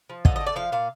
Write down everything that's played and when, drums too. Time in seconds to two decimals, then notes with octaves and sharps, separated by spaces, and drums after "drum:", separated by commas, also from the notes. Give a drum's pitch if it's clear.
0.10 F3
0.25 D3 D#5, drum: kick
0.36 D#5
0.41 A3
0.46 D5
0.56 F3 F5
0.72 A#2 F5